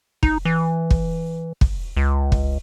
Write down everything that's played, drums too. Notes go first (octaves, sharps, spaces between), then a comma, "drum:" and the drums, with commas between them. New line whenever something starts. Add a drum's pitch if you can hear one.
D#4, drum: kick
E3
drum: kick
drum: kick
C#2
drum: kick